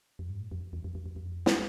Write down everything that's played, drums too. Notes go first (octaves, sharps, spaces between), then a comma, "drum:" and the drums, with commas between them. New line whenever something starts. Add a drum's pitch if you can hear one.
F2
G2
A2
F2
E2
F2
F2
F2
F2
drum: snare